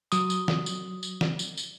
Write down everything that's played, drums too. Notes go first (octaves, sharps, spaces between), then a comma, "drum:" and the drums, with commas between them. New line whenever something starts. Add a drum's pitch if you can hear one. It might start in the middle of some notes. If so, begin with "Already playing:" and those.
F#3 D#6, drum: tambourine
drum: tambourine
drum: snare
drum: tambourine
drum: tambourine
drum: snare
drum: tambourine
drum: tambourine